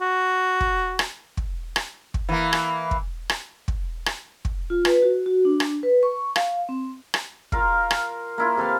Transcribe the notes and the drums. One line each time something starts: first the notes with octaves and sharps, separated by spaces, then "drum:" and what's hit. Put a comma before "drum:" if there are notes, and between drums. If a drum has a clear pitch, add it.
F#4
drum: kick
drum: rim click
drum: kick
drum: rim click
drum: kick
E3 A#3
drum: rim click
drum: kick
drum: rim click
drum: kick
drum: rim click
drum: kick
F4
B4, drum: rim click
F#4
F#4
D4
drum: rim click
B4
C#6
F5, drum: rim click
C4
drum: rim click
F4 A#4 F5, drum: kick
drum: rim click
A#3 E4 F4
C3 A4 B4 F5